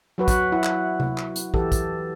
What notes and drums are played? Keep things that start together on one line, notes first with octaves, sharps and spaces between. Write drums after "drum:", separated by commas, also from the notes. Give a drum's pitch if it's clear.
F#3 F#4 B4
drum: kick, hi-hat
E4 F#5
drum: clap
drum: tom C3
drum: clap
drum: hi-hat
E3 G4 A4, drum: kick
drum: kick, hi-hat